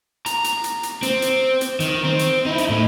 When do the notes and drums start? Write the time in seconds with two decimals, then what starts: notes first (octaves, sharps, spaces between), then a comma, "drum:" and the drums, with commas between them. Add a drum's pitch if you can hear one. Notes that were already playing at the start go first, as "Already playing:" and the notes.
0.26 A#5, drum: hi-hat
0.44 drum: hi-hat
0.64 drum: hi-hat
0.83 drum: hi-hat
1.03 C4, drum: hi-hat
1.22 drum: hi-hat
1.61 drum: hi-hat
1.80 D#3, drum: hi-hat
2.05 C4
2.19 drum: hi-hat
2.46 D#4 E4
2.58 drum: hi-hat
2.69 A2